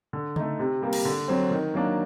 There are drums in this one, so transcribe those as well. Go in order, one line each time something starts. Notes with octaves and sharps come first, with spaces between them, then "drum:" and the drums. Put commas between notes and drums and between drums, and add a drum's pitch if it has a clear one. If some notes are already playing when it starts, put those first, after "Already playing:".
D3
A3 D#4, drum: tom C#3
C3
G3 A#3
drum: cymbal
D3
F#3 C4
D#3
F#3 A#3 D4